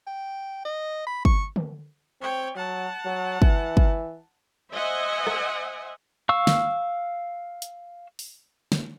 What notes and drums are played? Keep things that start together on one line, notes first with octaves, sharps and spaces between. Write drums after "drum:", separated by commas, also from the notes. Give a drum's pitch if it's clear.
G5
D#5
B5
C#6, drum: kick
drum: tom D3
C4 C#5 G5
F#3 F#5 A5
F#3
E3, drum: kick
drum: kick
C5 D#5 E5 F#5 G#5
drum: rim click
F5 C#6 E6
drum: snare
drum: hi-hat
drum: open hi-hat
drum: snare